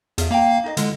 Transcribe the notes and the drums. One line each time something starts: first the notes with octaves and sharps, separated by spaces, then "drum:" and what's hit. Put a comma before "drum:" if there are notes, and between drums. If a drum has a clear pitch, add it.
E2 G#4 E5, drum: hi-hat
A#3 F5 G5 A#5
D#4 A4 D#5
D3 G#3 E4, drum: hi-hat